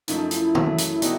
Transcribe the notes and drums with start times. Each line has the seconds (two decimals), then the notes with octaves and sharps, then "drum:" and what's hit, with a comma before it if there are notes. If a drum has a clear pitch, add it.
0.08 F#2 C#3 F3 A3 D#4, drum: hi-hat
0.31 E4, drum: hi-hat
0.55 F#2 C#3 F#3 A3, drum: tom
0.78 drum: hi-hat
1.02 D3 G3 B3 D#4 F#4, drum: hi-hat